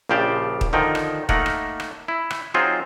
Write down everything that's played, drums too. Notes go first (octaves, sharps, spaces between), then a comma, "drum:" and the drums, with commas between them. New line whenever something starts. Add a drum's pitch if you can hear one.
A#1 C#3 F3 G4 C5 D5
drum: kick
D3 D#3 F3 D#4 G5
drum: rim click
A3 A#3 D#4 A#4 F#5, drum: kick
drum: rim click
drum: rim click
E4
drum: rim click
F#3 C4 D#4 F4 G#4 C5